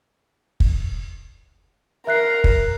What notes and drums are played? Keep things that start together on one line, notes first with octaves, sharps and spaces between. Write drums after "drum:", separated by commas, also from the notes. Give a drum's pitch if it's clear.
drum: kick
A#4 E5 F#6 C7
drum: kick